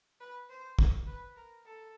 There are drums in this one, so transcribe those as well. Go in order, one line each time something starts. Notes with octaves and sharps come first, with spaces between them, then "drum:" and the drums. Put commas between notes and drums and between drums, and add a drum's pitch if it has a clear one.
B4
C5
drum: kick
B4
A#4
A4